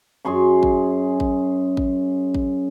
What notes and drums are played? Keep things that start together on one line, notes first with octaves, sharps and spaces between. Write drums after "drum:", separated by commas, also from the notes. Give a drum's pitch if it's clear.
F#2 G#4 C6 C#6
drum: kick
drum: kick
drum: kick
drum: kick